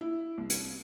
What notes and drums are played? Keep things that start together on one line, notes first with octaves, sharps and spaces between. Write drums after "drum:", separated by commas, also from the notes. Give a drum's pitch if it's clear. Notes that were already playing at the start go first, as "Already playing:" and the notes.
E4
C2
drum: hi-hat